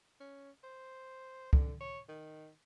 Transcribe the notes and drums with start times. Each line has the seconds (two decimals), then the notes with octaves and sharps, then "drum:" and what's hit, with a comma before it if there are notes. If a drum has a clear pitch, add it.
0.20 C#4
0.64 C5
1.53 D3, drum: kick
1.80 C#5
2.09 D#3